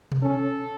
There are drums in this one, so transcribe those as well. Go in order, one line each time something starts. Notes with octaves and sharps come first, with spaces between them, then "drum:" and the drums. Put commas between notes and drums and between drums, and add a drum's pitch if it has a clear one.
drum: tom B2
C#4 A4